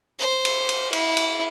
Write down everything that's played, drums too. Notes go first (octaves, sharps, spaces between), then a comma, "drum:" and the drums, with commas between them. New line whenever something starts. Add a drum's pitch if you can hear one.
C5
drum: cymbal
drum: cymbal
E4, drum: cymbal
drum: cymbal